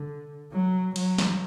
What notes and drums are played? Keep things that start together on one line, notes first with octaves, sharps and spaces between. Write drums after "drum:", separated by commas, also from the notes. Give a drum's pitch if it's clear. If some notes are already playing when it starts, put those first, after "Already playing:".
Already playing: D3
F#3
F#3, drum: cymbal
drum: snare